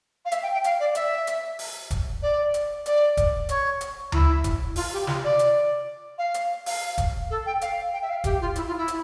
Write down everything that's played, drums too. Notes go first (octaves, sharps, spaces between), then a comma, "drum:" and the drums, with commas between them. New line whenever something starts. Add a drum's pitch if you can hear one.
F5
E5, drum: hi-hat
G5
G5
F5, drum: hi-hat
D5
E5, drum: hi-hat
drum: hi-hat
drum: open hi-hat
drum: kick, hi-hat
D5
drum: hi-hat
D5, drum: hi-hat
drum: kick, hi-hat
C#5, drum: hi-hat
drum: hi-hat
E4, drum: tom D2
drum: kick, hi-hat
F4, drum: open hi-hat
G4
F4, drum: snare
D5
drum: hi-hat
F5
drum: hi-hat
F5, drum: open hi-hat
drum: kick, hi-hat
A4
G5
F5, drum: hi-hat
G5
E5
F5
G4, drum: kick, hi-hat
F4
E4, drum: hi-hat
F4
E4
drum: hi-hat